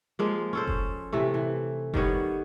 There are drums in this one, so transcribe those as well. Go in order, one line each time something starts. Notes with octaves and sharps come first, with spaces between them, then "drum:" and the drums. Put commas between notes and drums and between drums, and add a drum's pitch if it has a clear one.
F3 G#3 A#3
C#4 A4 C5
drum: kick F#1
C3 E3 A3
E3
D#3 G3 B3 C#5, drum: kick F#1